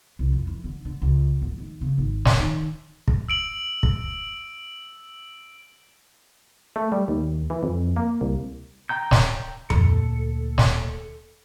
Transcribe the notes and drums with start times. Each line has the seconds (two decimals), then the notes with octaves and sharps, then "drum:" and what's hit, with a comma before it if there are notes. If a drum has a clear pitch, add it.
0.19 C2
0.33 F2
0.47 E3
0.64 D3
0.85 D3
1.02 C#2
1.42 A1
1.58 D#2
1.81 C#3
1.98 G#1
2.25 C#3, drum: snare
2.38 D#3
3.08 drum: kick
3.29 E6 D7 F#7
3.83 drum: kick
6.76 A3
6.92 G3
7.08 D#2
7.50 E3
7.63 F2
7.96 A#3
8.21 C2
8.89 G5 A#5 G6
9.11 drum: snare
9.70 D2 A#2 A4, drum: tom F2
10.58 drum: snare